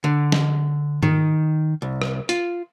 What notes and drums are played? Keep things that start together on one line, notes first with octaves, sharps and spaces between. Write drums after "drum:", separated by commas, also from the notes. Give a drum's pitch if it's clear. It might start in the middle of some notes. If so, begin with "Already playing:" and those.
D3
drum: snare
D#3, drum: tom G#2
C2
drum: rim click
F4, drum: hi-hat